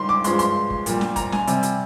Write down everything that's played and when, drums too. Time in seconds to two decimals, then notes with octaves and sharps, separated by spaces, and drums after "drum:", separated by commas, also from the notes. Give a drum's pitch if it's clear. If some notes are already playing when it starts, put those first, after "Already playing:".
Already playing: G#2 G3 C6
0.09 D6
0.24 G2 F3 G#3 C6, drum: hi-hat
0.39 C6, drum: hi-hat
0.70 drum: kick
0.86 A#2 G3, drum: hi-hat
1.01 drum: snare
1.16 A#5, drum: kick, hi-hat
1.32 G#5, drum: snare
1.47 C3 G3, drum: hi-hat
1.63 drum: hi-hat